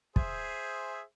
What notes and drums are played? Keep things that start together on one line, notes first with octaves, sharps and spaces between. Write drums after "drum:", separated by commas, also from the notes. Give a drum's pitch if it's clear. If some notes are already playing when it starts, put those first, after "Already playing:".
G#4 C5 E5, drum: kick